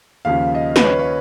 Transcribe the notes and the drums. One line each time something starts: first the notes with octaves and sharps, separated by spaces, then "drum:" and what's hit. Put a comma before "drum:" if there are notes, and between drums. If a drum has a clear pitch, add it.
D#2 C#3 F3 F5
D#5
B4, drum: snare
C#5
C#5